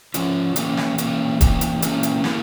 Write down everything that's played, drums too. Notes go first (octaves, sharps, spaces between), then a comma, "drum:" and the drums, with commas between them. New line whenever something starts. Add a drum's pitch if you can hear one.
F3 C#4 F4 C#5, drum: hi-hat
E3 A#3 C#4 G4, drum: hi-hat
drum: snare
E3 A#3 C#4 G4, drum: hi-hat
E3 A#3 C#4 G4, drum: kick D#1, hi-hat
drum: hi-hat
E3 A#3 C#4 G4, drum: hi-hat
drum: hi-hat
A#3 E4 G4 A#4, drum: snare